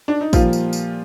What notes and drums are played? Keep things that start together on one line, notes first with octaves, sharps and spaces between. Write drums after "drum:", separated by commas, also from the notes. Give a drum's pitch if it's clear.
D4
D#4
A#2 F3 G3 A#3 F4, drum: kick, tambourine
drum: tambourine
drum: tambourine